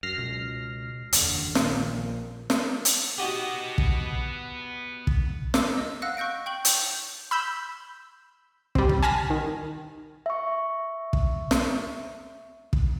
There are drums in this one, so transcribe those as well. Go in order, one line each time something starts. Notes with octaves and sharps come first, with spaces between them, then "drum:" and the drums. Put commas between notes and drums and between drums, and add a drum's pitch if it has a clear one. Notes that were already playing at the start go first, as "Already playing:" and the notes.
F#2 F6 A#6 C7
C#2 B2
F#1 E2 D3, drum: hi-hat
D#3
A#1 A#2 F3, drum: snare
drum: snare
drum: hi-hat
B3 D#4 F#4 G4 D#5
drum: kick
drum: kick
D6 E6, drum: snare
D#5
F5 F#5 E6 F#6 A#6
C#6 F#6 G6 A#6 D7
G5 C#6 G6 F#7
G6, drum: hi-hat
B5 E6 G6
G3 C4, drum: kick
drum: kick
G#5 A5 B5 F6 A#6
D#3
E5 C#6
drum: kick
drum: snare
drum: kick